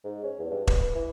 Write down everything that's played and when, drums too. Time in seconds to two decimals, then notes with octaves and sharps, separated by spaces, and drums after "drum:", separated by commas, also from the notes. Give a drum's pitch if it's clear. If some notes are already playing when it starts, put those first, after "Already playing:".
0.04 G#2
0.24 C#4
0.39 E2
0.51 G2
0.67 B4, drum: kick E1
0.81 B4
0.95 E3